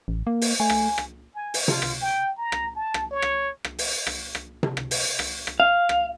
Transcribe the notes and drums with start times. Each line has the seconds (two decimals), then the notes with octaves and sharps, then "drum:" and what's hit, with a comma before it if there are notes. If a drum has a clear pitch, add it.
0.08 A1
0.27 A#3
0.42 drum: open hi-hat
0.60 A3 G#5
0.70 drum: rim click
0.98 drum: rim click
1.35 G#5
1.54 drum: open hi-hat
1.68 F4, drum: tom C3
1.82 drum: rim click
2.01 G5
2.38 A#5
2.52 drum: rim click
2.75 A5
2.94 drum: rim click
3.11 C#5
3.22 drum: rim click
3.64 drum: rim click
3.79 drum: open hi-hat
4.07 drum: rim click
4.35 drum: rim click
4.63 drum: tom C3
4.77 drum: rim click
4.91 drum: open hi-hat
5.19 drum: rim click
5.47 drum: rim click
5.60 F5
5.89 drum: rim click